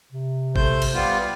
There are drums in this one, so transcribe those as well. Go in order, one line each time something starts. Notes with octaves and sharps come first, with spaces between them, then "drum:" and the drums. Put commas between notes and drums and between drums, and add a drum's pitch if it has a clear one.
C3
A3 C5 G6, drum: kick G#1
drum: cymbal
G3 B3 F4